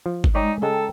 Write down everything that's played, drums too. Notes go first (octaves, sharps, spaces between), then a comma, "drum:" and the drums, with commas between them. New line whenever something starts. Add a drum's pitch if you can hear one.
F3
drum: kick G#1
G#3 D#4 C#5 D5 G5
C#3 G#3 A4 G5 A#5